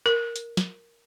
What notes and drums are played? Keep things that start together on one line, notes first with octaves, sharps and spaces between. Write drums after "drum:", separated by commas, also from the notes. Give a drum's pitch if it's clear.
A#4
drum: hi-hat
drum: snare